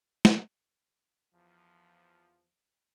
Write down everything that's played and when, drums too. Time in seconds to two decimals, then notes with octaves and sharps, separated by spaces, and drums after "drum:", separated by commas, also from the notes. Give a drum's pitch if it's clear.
0.25 drum: snare
1.34 E2 F3